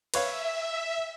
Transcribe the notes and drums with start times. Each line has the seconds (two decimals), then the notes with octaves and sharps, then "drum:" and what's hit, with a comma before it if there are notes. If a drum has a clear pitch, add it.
0.14 B4 C#5 E5 F5, drum: cymbal